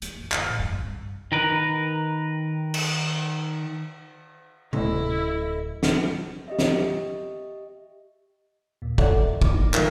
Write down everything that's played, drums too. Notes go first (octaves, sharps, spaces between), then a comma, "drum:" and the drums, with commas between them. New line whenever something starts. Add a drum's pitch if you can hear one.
A#3, drum: hi-hat
F#2
D3, drum: clap
A1
G2
C2
D#3 A#4 B4
drum: cymbal
D1 C#4 E4 A4 D#5, drum: tom C3
drum: snare
G4 D#5 E5
drum: snare
D#2 A#2
A4 C#5 D5 E5 F#5, drum: kick
D#2
A#3 D6, drum: kick
D#4
D#3 F#3 A3 F4 A#4, drum: clap